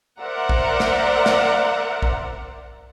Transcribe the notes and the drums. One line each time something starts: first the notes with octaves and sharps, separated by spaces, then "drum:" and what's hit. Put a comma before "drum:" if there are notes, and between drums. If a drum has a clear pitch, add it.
A#4 C5 D5 E5 F#5 A#5
drum: kick A#1
drum: snare
drum: snare
drum: kick A#1